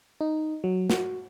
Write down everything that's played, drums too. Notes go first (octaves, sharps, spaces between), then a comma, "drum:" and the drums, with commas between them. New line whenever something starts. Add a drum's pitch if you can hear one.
D#4
F#3
F#4, drum: snare